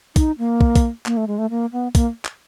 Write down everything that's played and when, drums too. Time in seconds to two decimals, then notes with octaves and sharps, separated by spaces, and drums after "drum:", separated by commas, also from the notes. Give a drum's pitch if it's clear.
0.16 D#4, drum: kick, open hi-hat
0.39 A#3
0.61 drum: kick
0.75 drum: kick, open hi-hat
1.06 A#3, drum: clap
1.17 A3
1.28 G#3
1.38 A3
1.50 A#3
1.72 B3
1.95 A#3, drum: kick, open hi-hat
2.25 drum: clap